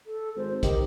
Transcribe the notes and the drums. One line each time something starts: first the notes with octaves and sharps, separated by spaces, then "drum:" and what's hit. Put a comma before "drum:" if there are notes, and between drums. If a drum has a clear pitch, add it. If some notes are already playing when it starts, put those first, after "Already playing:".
A4
G#1 C5
D#3 G4, drum: kick, hi-hat